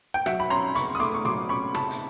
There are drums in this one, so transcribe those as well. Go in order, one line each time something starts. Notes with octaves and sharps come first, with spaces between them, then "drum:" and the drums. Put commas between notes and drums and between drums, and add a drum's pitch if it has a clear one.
G5
F#3 E5 F#5, drum: rim click
B5
C#4 A#5 C6
C#3 B5 C#6, drum: hi-hat
D#6
A3 C6 D6
C#6
F#3 C6 D6, drum: tom
C#4 B5 C#6
C#3 A5 B5, drum: rim click
drum: hi-hat